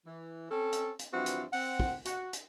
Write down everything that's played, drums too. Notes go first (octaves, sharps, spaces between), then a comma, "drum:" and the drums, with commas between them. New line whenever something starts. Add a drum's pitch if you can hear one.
E3
C4 C#4 A4
drum: hi-hat
drum: hi-hat
G2 E3 F3 C4 F#4
drum: hi-hat
C4 F#5, drum: open hi-hat
drum: kick
F#4, drum: hi-hat
drum: hi-hat